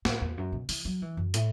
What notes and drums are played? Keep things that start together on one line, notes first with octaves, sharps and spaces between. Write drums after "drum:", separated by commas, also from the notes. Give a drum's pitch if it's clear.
A2, drum: snare
E2
F#2
B2
E3, drum: open hi-hat
F#3
E3
F#2
A2, drum: hi-hat